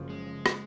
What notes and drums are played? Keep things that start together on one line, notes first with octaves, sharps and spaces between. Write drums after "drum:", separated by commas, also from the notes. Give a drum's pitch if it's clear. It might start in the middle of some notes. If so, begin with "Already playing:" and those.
Already playing: F#1 F#2 C#3 F3
G#3
drum: rim click